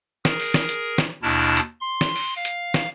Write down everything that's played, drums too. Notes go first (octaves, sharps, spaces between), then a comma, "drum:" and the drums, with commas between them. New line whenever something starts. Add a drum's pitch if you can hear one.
G#4 A#4, drum: snare
drum: open hi-hat
drum: snare
drum: hi-hat
drum: snare
D#2 B2 D4 E4 A5 F6
drum: hi-hat
C6
drum: snare
drum: open hi-hat
F5
drum: hi-hat
drum: snare